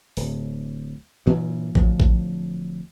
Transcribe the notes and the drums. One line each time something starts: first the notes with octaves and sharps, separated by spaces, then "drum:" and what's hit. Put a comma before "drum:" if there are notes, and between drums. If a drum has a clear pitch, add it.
D1, drum: open hi-hat
G2 A#2 E3 F#3
D1 F3, drum: kick A1
drum: kick A1